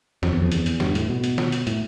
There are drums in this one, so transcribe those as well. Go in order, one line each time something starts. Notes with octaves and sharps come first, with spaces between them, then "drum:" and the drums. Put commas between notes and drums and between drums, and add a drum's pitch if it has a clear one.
F2, drum: snare
E2
F2
E2, drum: hi-hat
drum: hi-hat
G2, drum: snare
A2, drum: hi-hat
B2
drum: hi-hat
drum: snare
drum: hi-hat
A2, drum: hi-hat